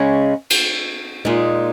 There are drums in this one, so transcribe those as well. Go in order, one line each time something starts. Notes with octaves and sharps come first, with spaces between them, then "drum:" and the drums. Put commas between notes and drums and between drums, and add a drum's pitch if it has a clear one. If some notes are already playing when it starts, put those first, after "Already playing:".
Already playing: C#3 G#3 C#4
drum: cymbal
A#2 G#3 D#4